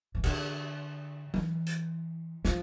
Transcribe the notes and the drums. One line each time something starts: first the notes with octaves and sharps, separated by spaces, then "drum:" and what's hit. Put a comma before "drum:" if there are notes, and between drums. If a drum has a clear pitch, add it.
E3
D3, drum: cymbal
E3, drum: tom F#3
drum: hi-hat
F3, drum: snare